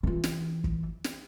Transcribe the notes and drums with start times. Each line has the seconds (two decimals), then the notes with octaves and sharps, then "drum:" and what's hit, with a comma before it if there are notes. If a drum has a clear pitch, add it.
0.03 E3 F4
0.24 drum: snare
0.64 drum: kick
1.04 drum: snare